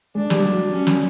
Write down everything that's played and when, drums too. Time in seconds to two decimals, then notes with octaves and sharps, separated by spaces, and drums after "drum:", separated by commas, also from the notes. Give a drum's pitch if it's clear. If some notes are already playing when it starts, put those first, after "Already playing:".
0.15 G#3 D4 G#4
0.30 G3 G4, drum: snare
0.44 F#3 F#4
0.74 C#4
0.87 drum: snare